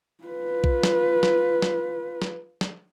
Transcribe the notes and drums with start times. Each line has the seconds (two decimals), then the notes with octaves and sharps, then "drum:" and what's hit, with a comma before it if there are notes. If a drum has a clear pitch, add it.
0.24 F4 B4
0.64 drum: kick B1
0.83 drum: snare
1.23 drum: snare
1.62 drum: snare
2.22 drum: snare
2.61 drum: snare